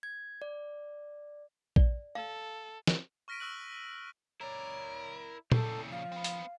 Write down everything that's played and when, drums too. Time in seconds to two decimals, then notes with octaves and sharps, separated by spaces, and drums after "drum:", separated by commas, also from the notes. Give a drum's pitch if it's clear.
0.03 G#6
0.42 D5
1.76 D5, drum: kick A#1
2.15 A4 F5
2.87 drum: snare
3.28 C#6 F6 A#6 B6 D7 D#7
3.40 C#6 E6 F#6 F#7
4.41 E4 A#4 C#5 D5
5.52 A#2 C#3 E4 A4 G5, drum: tom A#2
5.91 F3 F5
6.12 B3 C4
6.24 drum: hi-hat